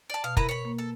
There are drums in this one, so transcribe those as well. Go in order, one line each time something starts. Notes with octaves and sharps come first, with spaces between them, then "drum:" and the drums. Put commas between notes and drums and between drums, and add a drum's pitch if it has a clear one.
D5 A5
B2 F5
E4 A#4 B4 A#5, drum: kick
C#5 B5
A#3
A4